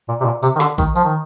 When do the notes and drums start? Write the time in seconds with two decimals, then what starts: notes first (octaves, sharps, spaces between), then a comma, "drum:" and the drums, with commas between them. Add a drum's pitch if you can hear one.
0.08 A#2
0.20 C3
0.25 A#2
0.43 C3, drum: tambourine
0.56 D#3
0.60 D3, drum: snare
0.78 D#3, drum: kick A#1, tambourine
0.96 F3, drum: tambourine
1.05 D#3